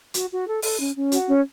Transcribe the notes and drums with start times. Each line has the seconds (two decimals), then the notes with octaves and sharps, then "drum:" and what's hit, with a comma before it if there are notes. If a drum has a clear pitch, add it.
0.14 F#4, drum: hi-hat
0.30 F#4
0.47 A4
0.62 A4, drum: open hi-hat
0.80 C#4
0.96 C#4
1.12 F#4, drum: hi-hat
1.28 C#4